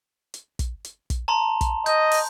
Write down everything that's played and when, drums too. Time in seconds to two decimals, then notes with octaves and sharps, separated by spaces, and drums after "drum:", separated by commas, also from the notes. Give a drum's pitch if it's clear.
0.34 drum: hi-hat
0.59 drum: kick, hi-hat
0.84 drum: hi-hat
1.10 drum: kick, hi-hat
1.28 A5 A#5 C6
1.61 drum: kick, hi-hat
1.86 D#5 G6, drum: hi-hat
2.12 drum: open hi-hat